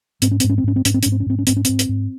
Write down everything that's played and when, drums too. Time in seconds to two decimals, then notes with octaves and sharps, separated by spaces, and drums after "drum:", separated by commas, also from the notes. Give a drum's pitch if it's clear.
0.22 G#2 C4, drum: hi-hat
0.31 C#4
0.40 G#2 C4, drum: hi-hat
0.50 C#4
0.58 C4
0.64 G#2 C#4
0.76 C4
0.85 G#2 C#4, drum: hi-hat
0.94 C4
1.03 G#2 C#4, drum: hi-hat
1.12 C4
1.20 C#4
1.26 G#2 C4
1.39 C#4
1.47 G#2 C4, drum: hi-hat
1.57 C#4
1.65 G#2 C4, drum: hi-hat
1.79 drum: hi-hat
1.89 G#2